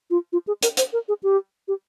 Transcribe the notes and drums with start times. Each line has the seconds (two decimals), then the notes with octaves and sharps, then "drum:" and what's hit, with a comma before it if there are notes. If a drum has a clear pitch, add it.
0.10 F4
0.33 F4
0.47 G#4
0.63 A#4, drum: hi-hat
0.77 C5, drum: hi-hat
0.93 A#4
1.08 G#4
1.23 G4
1.68 G4